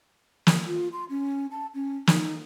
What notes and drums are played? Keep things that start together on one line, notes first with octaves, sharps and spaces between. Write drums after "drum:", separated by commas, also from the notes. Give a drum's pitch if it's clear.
drum: snare
F4
C6
C#4
A5
C#4
D#4, drum: snare